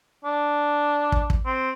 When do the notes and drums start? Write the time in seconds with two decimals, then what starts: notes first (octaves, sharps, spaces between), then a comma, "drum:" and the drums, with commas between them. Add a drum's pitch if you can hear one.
0.25 D4
1.12 drum: kick
1.30 drum: kick
1.46 C4